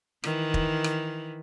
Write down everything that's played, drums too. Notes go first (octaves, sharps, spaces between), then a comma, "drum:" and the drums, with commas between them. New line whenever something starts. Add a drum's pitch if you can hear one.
D#3 E3, drum: rim click
drum: kick
drum: rim click